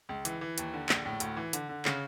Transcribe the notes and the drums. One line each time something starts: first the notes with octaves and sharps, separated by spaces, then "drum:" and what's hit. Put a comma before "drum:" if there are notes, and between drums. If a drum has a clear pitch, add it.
C#2
E3, drum: hi-hat
E3
D#2, drum: hi-hat
D3
A#1, drum: clap
A2
D2, drum: hi-hat
E3
D3, drum: hi-hat
D3
C#3, drum: clap